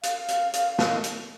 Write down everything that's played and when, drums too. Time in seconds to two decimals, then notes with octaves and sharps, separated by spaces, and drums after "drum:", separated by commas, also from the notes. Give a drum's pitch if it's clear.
0.03 F5, drum: hi-hat
0.28 drum: hi-hat
0.53 drum: hi-hat
0.78 drum: snare
1.04 drum: hi-hat